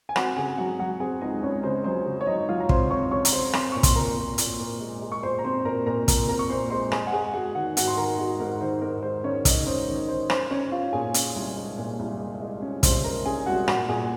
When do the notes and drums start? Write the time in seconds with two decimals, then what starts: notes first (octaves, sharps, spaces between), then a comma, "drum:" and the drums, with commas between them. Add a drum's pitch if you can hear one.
0.09 G#5
0.16 C4 F#4 F#5, drum: rim click
0.36 C#3 G#4 G#5
0.57 F#3 F#4 F#5
0.79 F#3 F#4 F#5
1.00 C4 G#4 G#5
1.21 C#2 D#4 D#5
1.42 C#2 C#4 C#5
1.63 C#3 C5
1.84 F#3 C5
2.05 C#3
2.21 C#5
2.26 F#3 D#4 D#5
2.49 F#3 F4 F5
2.60 A#5
2.69 C4 C5 C6, drum: kick
2.90 C4 C#5 C#6
3.11 C#3 C#5 C#6
3.25 A#5, drum: hi-hat
3.32 C#3 C5 C6
3.53 C4 C5 C6, drum: rim click
3.72 A#2 C#6
3.83 C6, drum: kick, hi-hat
3.96 A#2 A#4 A#5
4.17 A#2
4.38 A#2, drum: hi-hat
4.59 A#2
4.80 G#3
5.01 G#3
5.12 C#6
5.23 A#2 C5 C6
5.39 A#5
5.44 C4 C5 C6
5.65 A#2 A#4 A#5
5.86 A#2 A#4 A#5
6.08 A#2 A#4 A#5, drum: kick, hi-hat
6.28 C4 A#4 A#5
6.39 C#6
6.50 A#2 C5 C6
6.70 G#3 C5 C6
6.92 G#3 G#4 G#5, drum: rim click
7.07 F#5
7.12 G#3 G#4 G#5
7.34 G#3 F#4 F#5
7.55 D#3 F#4 F#5
7.77 G#2 F#4 F#5, drum: hi-hat
7.88 C6
7.97 D#3 A#4 A#5
8.18 G#3 F#4 F#5
8.40 G#2 A#4
8.61 D#3 C5
8.81 G#2 A#4
9.03 G#3 C5
9.24 D#3 C#4 C#5
9.45 C#4 D#4 D#5, drum: kick, hi-hat
9.66 C#4 C5
9.88 D#3
10.08 D#3 C5
10.30 C#4 C5, drum: rim click
10.51 C#4 C#5
10.72 C#4 F4 F5
10.93 A#2 G#4 G#5
11.14 C#4, drum: hi-hat
11.35 C2
11.56 G#3
11.78 A#2
11.99 C2
12.21 G#3
12.41 G#3
12.62 C#4
12.83 C2 C5 C6, drum: kick, hi-hat
13.04 G#3 A#4 A#5
13.25 C#4 G#4 G#5
13.46 C2 F#4 F#5
13.68 A#2 F#4 F#5, drum: rim click
13.88 A#2 G#4 G#5